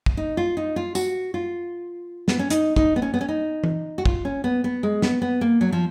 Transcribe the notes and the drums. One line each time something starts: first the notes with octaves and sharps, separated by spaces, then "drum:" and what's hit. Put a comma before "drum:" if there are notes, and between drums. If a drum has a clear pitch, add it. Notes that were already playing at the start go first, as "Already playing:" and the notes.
drum: kick
D#4
F4
D#4
F4
F#4, drum: tambourine
F4
B3, drum: snare
C#4
D#4, drum: hi-hat
D#4, drum: kick
B3
C#4
B3
C#4
D#4
drum: tom E3
F#4
F4, drum: kick
C#4
B3
B3
G#3
B3, drum: snare
B3
A#3
F#3
F3